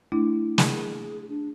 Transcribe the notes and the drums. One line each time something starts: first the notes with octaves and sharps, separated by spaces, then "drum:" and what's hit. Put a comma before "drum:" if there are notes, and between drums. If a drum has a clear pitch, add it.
A3 D4 E4
G#4, drum: snare
D4